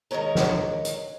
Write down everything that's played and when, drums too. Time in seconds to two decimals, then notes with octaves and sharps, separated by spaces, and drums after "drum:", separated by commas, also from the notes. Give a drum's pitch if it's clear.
0.11 D#3 G#3 A#4 C#5 A#5
0.35 drum: snare
0.85 drum: hi-hat